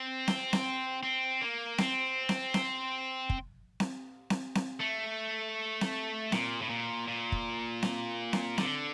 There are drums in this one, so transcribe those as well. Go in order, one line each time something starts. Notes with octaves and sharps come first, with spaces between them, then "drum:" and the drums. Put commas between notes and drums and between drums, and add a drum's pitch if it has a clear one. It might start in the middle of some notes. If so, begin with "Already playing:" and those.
Already playing: C4
drum: snare C4
drum: snare C4
C4
A#3
C4, drum: snare C4
drum: snare C4
drum: snare C4
drum: kick
drum: snare C4
drum: snare C4
drum: snare C4
A3
drum: snare C4
A#2, drum: snare C4
A2
A#2
A#2
drum: kick
drum: snare C4
drum: snare C4
D3, drum: snare C4